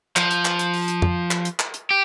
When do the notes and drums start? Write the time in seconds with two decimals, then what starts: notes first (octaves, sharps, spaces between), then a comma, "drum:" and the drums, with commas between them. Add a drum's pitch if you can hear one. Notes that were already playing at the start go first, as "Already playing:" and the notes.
0.16 F3, drum: clap
0.31 drum: hi-hat
0.45 drum: clap
0.59 drum: hi-hat
0.74 drum: open hi-hat
0.88 drum: hi-hat
1.02 drum: tom F2
1.31 drum: clap
1.45 drum: hi-hat
1.60 drum: clap
1.74 drum: hi-hat
1.91 G4